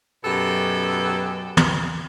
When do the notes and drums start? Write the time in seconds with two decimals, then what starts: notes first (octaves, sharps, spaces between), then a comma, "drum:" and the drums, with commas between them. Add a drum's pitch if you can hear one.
0.24 F#2 B2 G4 A4
1.57 drum: tom